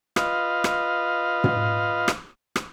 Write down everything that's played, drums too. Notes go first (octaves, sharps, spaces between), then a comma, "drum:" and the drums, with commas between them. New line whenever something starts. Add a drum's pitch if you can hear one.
F4 B4 D#5 F5, drum: rim click
drum: rim click
drum: tom
drum: rim click
drum: rim click